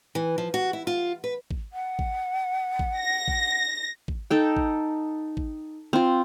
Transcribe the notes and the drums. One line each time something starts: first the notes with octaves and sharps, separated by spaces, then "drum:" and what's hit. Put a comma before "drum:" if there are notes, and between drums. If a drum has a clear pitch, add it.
E3
F3
F#4
E4
F4
B4
drum: kick
F#5
drum: kick
drum: kick
A#6
drum: kick
drum: kick
D#4 A4 G5
drum: kick
drum: kick
C4 F4